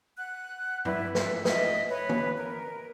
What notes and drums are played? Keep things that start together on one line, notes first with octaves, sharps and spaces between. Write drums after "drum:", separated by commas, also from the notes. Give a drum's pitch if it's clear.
F#5 F#6
E4 B4 D5, drum: tom G2
E5, drum: snare
D#5 E5 D#6, drum: snare
B4 C#5
drum: tom
A#4